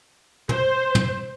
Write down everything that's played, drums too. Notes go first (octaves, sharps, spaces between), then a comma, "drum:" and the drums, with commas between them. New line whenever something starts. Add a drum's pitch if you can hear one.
C5, drum: tom
drum: tom